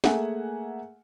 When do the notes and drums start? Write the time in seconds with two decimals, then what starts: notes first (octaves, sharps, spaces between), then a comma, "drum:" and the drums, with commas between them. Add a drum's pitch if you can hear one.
0.04 A3 A#3 G#4 E5 F#5 G#5, drum: snare